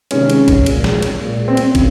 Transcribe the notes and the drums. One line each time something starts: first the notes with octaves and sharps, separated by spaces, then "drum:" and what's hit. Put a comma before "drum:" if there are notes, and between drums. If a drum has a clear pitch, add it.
C3 D#3 G#3 C#4, drum: cymbal
drum: cymbal
drum: kick, cymbal
A#2 G#3, drum: cymbal
drum: snare
drum: cymbal
A#2 G#3
C4
drum: cymbal
C#3, drum: kick, cymbal